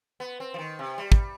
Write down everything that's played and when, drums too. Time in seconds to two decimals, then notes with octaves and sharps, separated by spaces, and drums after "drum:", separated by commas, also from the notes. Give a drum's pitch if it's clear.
0.20 B3
0.40 C4
0.54 F3
0.59 D#3
0.79 C3
0.98 G3
1.12 drum: kick